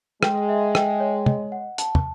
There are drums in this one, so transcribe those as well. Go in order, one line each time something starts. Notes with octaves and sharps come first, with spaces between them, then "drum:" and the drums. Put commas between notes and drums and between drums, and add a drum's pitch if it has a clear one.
G#3 G5, drum: rim click
E5
G5, drum: rim click
C#5
D#5, drum: tom
F#5
A5, drum: hi-hat
drum: tom